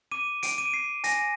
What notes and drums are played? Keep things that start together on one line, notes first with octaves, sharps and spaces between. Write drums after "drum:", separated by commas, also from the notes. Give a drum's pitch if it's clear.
D6 D#7
D7, drum: hi-hat
D6 D#7
D7
C7
G#5 A#6, drum: hi-hat